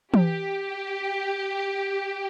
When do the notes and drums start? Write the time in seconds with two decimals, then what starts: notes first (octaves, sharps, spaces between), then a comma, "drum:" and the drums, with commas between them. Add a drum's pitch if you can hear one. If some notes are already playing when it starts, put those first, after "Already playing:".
0.14 G4, drum: tom E3